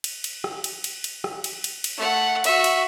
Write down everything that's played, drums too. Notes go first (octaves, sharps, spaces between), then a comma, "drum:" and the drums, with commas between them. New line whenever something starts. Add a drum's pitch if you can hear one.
drum: cymbal
drum: cymbal
drum: rim click
drum: cymbal
drum: cymbal
drum: cymbal
drum: rim click
drum: cymbal
drum: cymbal
drum: cymbal
A3 F#5
F#4 E5, drum: cymbal
drum: cymbal